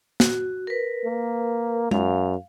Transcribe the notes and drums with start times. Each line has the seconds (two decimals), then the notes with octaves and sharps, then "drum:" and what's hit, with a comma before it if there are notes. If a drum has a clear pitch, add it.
0.20 F#4, drum: snare
0.67 A#4 B4
1.05 A#3
1.91 F#2 F5, drum: tom G#3